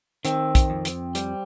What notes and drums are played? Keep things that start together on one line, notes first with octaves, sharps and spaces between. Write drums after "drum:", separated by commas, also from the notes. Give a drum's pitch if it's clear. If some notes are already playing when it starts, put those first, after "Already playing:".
D#3 C4, drum: hi-hat
drum: kick, hi-hat
F2
drum: hi-hat
G3, drum: hi-hat